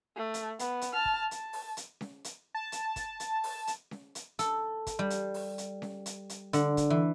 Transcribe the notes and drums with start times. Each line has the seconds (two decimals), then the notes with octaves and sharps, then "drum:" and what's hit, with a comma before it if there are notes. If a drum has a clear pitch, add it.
0.16 A3
0.34 drum: hi-hat
0.59 B3, drum: hi-hat
0.81 drum: hi-hat
0.93 A5 F6
1.05 drum: kick
1.31 A5, drum: hi-hat
1.53 drum: open hi-hat
1.77 drum: hi-hat
2.01 drum: snare C#4
2.24 drum: hi-hat
2.55 A5
2.72 drum: hi-hat
2.96 drum: kick, hi-hat
3.20 drum: hi-hat
3.44 drum: open hi-hat
3.67 drum: hi-hat
3.91 drum: snare C#4
4.15 drum: hi-hat
4.39 A4, drum: hi-hat
4.87 drum: kick, hi-hat
4.99 G3
5.10 drum: hi-hat
5.34 drum: open hi-hat
5.58 drum: hi-hat
5.82 drum: snare C#4
6.06 drum: hi-hat
6.29 drum: hi-hat
6.53 D3, drum: hi-hat
6.77 drum: kick, hi-hat
6.90 E3